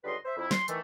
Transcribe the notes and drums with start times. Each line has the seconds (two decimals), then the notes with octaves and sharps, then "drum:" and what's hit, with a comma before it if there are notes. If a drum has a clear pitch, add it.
0.04 C#2 D3 G3 B4 D#5 C6
0.24 C5 E5
0.37 F2 E4
0.51 C6, drum: snare
0.68 D#3 E3 A3, drum: hi-hat